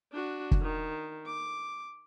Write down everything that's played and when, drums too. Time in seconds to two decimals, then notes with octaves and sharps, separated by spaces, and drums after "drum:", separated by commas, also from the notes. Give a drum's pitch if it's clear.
0.12 D4 F#4
0.51 drum: kick
0.61 D#3
1.26 D6